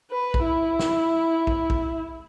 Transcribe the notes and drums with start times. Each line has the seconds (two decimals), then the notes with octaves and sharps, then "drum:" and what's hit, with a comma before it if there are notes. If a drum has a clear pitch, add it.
0.11 B4
0.34 drum: kick
0.45 E4
0.79 drum: snare
1.47 drum: kick
1.70 drum: kick